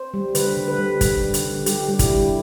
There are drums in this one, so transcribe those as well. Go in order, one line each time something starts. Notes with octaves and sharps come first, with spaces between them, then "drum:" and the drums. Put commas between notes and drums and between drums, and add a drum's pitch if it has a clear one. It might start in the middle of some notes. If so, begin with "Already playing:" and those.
Already playing: C5
G3
D3 B4, drum: hi-hat
D3
B4
G3
G3, drum: kick, hi-hat
D3
drum: hi-hat
D3
G3 G4, drum: hi-hat
G3
E4, drum: kick, hi-hat
D3